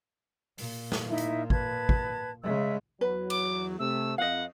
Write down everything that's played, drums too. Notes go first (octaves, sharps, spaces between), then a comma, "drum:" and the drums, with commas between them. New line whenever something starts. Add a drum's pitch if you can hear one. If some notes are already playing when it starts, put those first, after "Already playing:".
A#2, drum: open hi-hat
drum: snare
D#4 E4 E5
drum: hi-hat
B4 A5 G#6, drum: kick
drum: kick
C#3 G#3 E5 E6
E2 F#3 B4
D6, drum: cymbal
C3 A3 E6
F2 D#5 F5 F#5